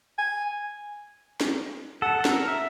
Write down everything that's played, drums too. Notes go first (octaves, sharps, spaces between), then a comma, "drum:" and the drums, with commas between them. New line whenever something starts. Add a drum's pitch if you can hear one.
G#5
drum: snare
A4 F#5
A4
A#4, drum: snare
E5